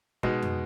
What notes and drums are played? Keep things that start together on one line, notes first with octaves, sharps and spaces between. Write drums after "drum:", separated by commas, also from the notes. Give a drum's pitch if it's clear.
B2 G#3 D#4, drum: kick
drum: tom